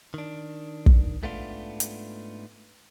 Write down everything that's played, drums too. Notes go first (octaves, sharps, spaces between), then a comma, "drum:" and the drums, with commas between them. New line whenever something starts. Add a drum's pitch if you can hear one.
D#3 D4
drum: kick
G#2 A3 B3 D4 F4
drum: hi-hat